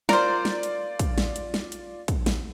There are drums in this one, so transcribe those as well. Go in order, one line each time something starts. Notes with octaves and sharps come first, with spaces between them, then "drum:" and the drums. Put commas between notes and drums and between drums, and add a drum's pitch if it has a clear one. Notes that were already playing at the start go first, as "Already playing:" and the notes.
F4 A#4 C5 D5, drum: snare
drum: snare
drum: hi-hat
drum: kick, hi-hat
drum: snare
drum: hi-hat
drum: snare
drum: hi-hat
drum: kick, hi-hat
drum: snare